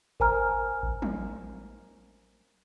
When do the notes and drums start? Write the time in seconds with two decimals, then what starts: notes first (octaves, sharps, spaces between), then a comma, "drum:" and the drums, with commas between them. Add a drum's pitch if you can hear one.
0.20 A#4 C5 G#5 A#5 F6, drum: kick A1
0.83 drum: kick A1
1.02 drum: tom